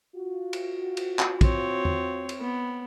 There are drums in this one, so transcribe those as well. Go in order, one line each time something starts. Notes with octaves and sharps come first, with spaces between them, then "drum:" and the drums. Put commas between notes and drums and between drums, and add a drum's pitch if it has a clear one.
F4 F#4
drum: cymbal
drum: cymbal
drum: clap
C4 C#5, drum: kick, cymbal
drum: tom E2
drum: cymbal
B3